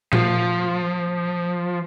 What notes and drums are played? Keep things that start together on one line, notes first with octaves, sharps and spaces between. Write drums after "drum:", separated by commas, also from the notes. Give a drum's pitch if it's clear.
F3, drum: tom A#2